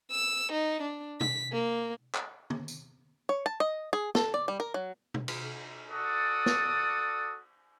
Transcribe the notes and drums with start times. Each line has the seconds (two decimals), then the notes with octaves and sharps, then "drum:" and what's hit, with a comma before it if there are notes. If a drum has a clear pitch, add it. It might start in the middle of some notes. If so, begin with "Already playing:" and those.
0.11 E6
0.52 D#4
0.82 D4
1.21 B6, drum: tom B2
1.52 A#3
2.15 drum: clap
2.50 drum: tom
2.68 drum: tambourine
3.29 C#5
3.46 A5
3.60 D#5
3.93 G#4
4.15 A4, drum: snare
4.34 D5
4.48 G3
4.60 A#4
4.74 F#3
5.14 drum: tom B2
5.28 drum: cymbal
5.89 F#4 A4 D5 D#6
6.46 drum: snare